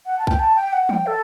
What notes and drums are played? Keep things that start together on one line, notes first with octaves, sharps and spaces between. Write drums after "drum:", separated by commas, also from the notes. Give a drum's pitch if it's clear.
F#5
A5
G5, drum: kick
A5
G5
F#5
G5, drum: tom E3
A4